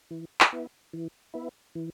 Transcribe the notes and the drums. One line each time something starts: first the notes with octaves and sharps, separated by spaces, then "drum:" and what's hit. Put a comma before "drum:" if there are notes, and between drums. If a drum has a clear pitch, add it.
E3
drum: clap
B3 E4
E3
B3 E4
E3